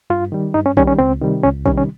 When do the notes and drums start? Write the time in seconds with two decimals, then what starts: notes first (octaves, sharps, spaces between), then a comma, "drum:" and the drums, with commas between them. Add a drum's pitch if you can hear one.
0.10 G2 F4
0.32 D#3 G3
0.54 G2 D#4
0.66 C#4
0.77 D#3 G3 C#4, drum: kick A#1
0.87 C#4
0.99 C#2 C4
1.22 C3 D#3 G3
1.44 C#2 C#4
1.66 C3 D#3 G3 C#4, drum: kick A#1
1.77 C#4